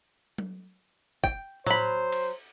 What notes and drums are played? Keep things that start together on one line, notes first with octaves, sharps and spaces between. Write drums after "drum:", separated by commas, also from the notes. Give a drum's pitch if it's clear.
drum: tom F#3
G5, drum: kick
F#3 C5 B5, drum: tom A2
drum: cymbal